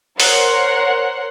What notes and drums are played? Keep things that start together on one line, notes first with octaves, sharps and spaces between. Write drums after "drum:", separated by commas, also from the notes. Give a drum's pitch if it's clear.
A#4 C5 C#5 F#5 C6, drum: open hi-hat